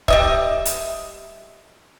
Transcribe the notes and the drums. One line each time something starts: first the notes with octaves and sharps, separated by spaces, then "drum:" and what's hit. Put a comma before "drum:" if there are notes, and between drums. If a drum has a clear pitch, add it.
G3 D#5 E5, drum: kick C#1
drum: hi-hat